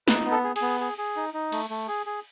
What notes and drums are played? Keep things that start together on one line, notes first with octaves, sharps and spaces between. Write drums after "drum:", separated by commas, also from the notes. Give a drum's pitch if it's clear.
D#4 B4, drum: snare
B3
A4
G#4
G#4, drum: cymbal
B3
G#4
G#4
D#4
D#4
A3, drum: cymbal
A3
G#4
G#4